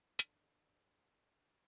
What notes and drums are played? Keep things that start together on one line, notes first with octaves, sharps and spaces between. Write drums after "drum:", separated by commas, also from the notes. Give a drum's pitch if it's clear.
G#1 D4 A4 D5, drum: hi-hat